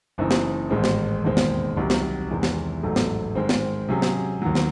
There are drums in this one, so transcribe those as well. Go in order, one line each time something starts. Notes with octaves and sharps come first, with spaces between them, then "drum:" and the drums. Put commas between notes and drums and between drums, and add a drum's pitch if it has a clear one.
F#1 F#2 E3 C4 D#4
drum: snare
A1 G#2 D#3 G#3 C4
drum: snare
E1 D#2 D#3 G#3 C4
drum: snare
C2 C3 D#3 F#3
drum: snare
E2 C3 D#3 G#3
drum: snare
A1 G#2 F#3 A3
drum: snare
G#2 D#3 G#3 C4
drum: snare
C3 F#3 C#4 G#4
drum: snare
D#2 D#3 F#3
drum: snare